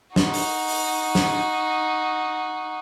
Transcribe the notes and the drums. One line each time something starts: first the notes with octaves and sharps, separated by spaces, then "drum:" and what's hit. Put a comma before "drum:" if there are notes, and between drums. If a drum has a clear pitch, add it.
D#4 F#4, drum: snare
drum: open hi-hat
drum: open hi-hat
drum: snare